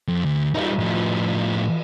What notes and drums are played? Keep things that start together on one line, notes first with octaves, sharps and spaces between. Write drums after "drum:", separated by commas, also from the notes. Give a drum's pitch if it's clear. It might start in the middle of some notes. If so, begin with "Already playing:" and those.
F2
D2
G3 D#4, drum: cymbal
A2 F3